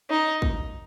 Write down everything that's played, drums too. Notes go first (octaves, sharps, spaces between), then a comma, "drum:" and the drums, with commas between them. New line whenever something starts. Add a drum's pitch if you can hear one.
D#4
drum: kick